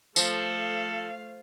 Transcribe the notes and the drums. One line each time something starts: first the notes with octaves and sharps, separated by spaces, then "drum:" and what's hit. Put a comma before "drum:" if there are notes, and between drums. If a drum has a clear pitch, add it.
F3 A3 A4 F5, drum: tambourine